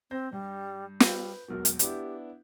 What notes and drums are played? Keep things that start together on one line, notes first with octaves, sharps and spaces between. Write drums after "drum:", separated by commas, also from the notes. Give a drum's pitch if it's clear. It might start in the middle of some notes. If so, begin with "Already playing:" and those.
C4 C5 G6 A#6
G2 G3
G3 B4 E6 G6, drum: snare
E1 B1 B2 A#4
drum: hi-hat
B3 D4 E4 G4, drum: hi-hat